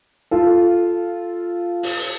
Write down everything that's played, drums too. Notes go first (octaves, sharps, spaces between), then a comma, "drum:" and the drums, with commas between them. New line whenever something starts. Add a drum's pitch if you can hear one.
F4 A4
drum: open hi-hat